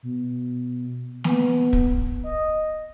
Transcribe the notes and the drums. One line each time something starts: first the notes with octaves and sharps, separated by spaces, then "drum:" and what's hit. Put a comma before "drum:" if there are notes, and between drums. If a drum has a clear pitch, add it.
B2
B3, drum: snare
drum: kick
D#5